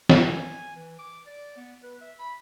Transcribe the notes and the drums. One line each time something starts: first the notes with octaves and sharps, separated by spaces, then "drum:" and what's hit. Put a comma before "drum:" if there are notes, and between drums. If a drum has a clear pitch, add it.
G3, drum: snare
G#5
E3
D6
D5
B3
B4
E5
B5